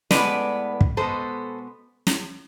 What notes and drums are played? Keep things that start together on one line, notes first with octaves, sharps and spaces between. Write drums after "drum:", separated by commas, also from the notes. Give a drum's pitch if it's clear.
A2 G#3 B3 B4 D5, drum: snare
drum: kick
B2 G#3 B3 A4 C5
drum: snare